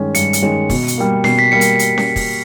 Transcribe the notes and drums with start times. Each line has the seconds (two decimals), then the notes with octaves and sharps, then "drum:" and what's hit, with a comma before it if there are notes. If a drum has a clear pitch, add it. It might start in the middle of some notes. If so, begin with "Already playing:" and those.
Already playing: G2 D#3 G#3 C#4
0.15 G2 C#7, drum: hi-hat
0.33 drum: hi-hat
0.42 D#3 G#3 C#4
0.70 B2, drum: kick, open hi-hat
0.88 drum: hi-hat
0.98 G3 A#3
1.24 B2 C7, drum: snare C#4
1.39 B6
1.52 G3 A#3 C#7
1.61 drum: hi-hat
1.79 drum: hi-hat
1.98 drum: snare C#4
2.16 drum: kick, open hi-hat